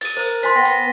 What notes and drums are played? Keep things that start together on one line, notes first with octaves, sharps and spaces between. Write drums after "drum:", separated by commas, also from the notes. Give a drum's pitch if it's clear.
A6 D#7, drum: open hi-hat
A#4 C5
C5 G#5 C6 A6 B6, drum: hi-hat
B3 G5 A#6
drum: hi-hat